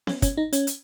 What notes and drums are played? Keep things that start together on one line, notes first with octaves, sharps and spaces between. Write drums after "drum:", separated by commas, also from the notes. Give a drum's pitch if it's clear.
C#4, drum: snare B3
C#4, drum: kick, hi-hat
D#4
C#4, drum: hi-hat
drum: hi-hat